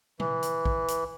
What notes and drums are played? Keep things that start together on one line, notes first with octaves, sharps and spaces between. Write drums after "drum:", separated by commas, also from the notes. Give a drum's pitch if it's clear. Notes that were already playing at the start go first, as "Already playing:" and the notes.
E3, drum: tom A#2
drum: hi-hat
drum: kick A#1
drum: hi-hat